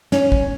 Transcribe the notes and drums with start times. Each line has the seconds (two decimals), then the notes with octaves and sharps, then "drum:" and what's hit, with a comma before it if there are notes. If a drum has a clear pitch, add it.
0.12 C#4, drum: snare
0.32 drum: kick